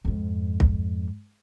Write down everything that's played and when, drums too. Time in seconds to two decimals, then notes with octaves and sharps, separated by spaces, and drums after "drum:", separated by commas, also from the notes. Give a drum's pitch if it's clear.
0.05 F2 G#2
0.60 drum: kick